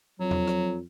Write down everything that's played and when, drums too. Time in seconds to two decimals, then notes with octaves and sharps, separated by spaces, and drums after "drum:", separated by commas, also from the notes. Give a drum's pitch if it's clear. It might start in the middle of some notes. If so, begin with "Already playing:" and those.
0.20 F2 F#3
0.31 drum: tom E2
0.48 drum: rim click